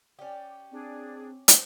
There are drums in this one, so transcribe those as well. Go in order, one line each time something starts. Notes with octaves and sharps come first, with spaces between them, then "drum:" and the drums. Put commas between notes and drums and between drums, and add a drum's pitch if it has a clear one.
C#4 G4 D5
C4 D4 G#4 D5
C5, drum: hi-hat